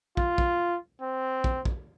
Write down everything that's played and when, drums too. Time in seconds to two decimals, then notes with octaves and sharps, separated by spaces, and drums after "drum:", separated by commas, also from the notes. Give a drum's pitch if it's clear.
0.17 F4, drum: kick
0.38 drum: kick
1.01 C4
1.44 drum: kick
1.65 drum: kick